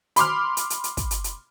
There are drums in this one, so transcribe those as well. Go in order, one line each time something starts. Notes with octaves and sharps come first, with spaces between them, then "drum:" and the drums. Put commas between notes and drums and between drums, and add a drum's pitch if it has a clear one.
B5 C6 D6 F6, drum: hi-hat
drum: hi-hat
drum: hi-hat
drum: hi-hat
drum: kick, hi-hat
drum: hi-hat
drum: hi-hat